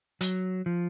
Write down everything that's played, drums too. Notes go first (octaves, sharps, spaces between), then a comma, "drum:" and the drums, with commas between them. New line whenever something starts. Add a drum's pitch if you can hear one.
F#3, drum: hi-hat
F3